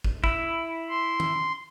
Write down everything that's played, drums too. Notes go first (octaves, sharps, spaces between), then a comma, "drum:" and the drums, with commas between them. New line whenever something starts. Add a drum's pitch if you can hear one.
drum: kick
E4, drum: kick
C6
drum: tom D#3